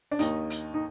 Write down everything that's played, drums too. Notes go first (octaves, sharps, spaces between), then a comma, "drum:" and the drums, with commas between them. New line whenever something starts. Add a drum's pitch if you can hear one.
D4
D#2 D#3 D#4, drum: hi-hat
drum: hi-hat
D#4